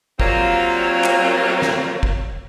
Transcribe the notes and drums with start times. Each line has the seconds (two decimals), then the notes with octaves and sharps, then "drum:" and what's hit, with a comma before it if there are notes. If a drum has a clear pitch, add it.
0.20 F#3 G3 A#3 C4 F4, drum: kick
1.04 drum: clap
1.62 drum: snare
2.03 drum: kick